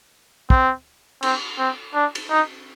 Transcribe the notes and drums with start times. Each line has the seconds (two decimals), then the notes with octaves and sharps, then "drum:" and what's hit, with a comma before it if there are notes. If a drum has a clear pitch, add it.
0.50 C4, drum: kick
1.22 C4, drum: cymbal
1.59 C4
1.95 D4
2.15 drum: cymbal
2.30 D#4